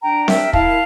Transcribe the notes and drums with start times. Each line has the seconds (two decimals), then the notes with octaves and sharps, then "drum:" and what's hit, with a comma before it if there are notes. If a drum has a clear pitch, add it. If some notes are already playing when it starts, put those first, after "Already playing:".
0.03 D4 G5 A#5
0.28 A#4 E5 G5, drum: snare C4
0.53 E4 F5 A5, drum: kick